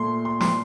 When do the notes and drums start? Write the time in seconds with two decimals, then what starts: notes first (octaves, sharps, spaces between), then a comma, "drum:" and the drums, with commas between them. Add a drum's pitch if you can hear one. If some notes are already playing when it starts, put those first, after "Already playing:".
Already playing: A#2 A3 C6
0.25 C6
0.41 C6, drum: snare